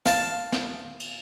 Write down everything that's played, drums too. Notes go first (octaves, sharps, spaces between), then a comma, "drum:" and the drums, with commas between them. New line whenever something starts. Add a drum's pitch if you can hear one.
F5 A5, drum: snare
drum: snare
drum: cymbal